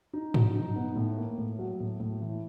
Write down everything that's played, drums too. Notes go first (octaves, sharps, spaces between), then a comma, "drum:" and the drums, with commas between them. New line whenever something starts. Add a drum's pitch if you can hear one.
D#4
F#3, drum: tom
D#4
B3
A2
A#3
A2
F#3
A2
A2
E3